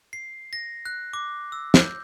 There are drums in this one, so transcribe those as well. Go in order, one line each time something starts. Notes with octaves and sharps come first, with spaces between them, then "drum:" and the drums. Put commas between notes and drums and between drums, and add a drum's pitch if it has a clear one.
C7
A#6
F#6
D6
E6
G6, drum: snare